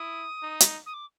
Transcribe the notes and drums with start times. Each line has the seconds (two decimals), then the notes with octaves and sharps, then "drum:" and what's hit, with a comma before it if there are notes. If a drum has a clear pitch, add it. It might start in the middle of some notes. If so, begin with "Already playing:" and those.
Already playing: E4 D#6
0.42 D#4
0.60 drum: hi-hat
0.86 D#6
0.93 D6